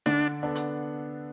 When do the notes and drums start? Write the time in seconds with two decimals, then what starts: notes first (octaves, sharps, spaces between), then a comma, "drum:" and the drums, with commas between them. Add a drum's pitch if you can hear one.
0.06 D3 D4, drum: snare D#4
0.43 B3 D4 A4
0.55 drum: hi-hat